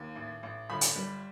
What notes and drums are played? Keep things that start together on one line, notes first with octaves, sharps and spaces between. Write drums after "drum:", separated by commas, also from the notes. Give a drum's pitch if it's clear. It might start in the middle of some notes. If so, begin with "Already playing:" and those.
Already playing: D#2
A1
A1
G1 B5
drum: hi-hat
G3